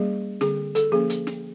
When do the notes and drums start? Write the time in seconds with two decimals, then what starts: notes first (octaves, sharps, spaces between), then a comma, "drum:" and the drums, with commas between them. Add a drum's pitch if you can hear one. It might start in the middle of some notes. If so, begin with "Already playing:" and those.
Already playing: G3 A#3 C#4 G#4
0.41 D3 G3 C4 G#4, drum: snare
0.75 A4, drum: hi-hat
0.92 F3 A#3 C#4 G#4
1.10 drum: hi-hat
1.27 drum: snare